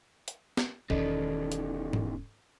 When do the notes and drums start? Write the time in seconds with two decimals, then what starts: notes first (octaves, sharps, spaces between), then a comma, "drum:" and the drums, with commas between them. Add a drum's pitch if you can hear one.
0.28 drum: hi-hat
0.57 drum: snare
0.90 E1 E2 D#3 C#4 A4 D5 D#5, drum: kick
1.52 drum: hi-hat
1.93 drum: tom G#2